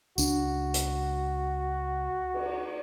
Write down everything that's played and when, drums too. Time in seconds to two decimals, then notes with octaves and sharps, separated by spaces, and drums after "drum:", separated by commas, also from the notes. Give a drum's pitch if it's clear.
0.18 C#2 D4 F#4, drum: tambourine
0.74 drum: hi-hat
2.34 drum: cymbal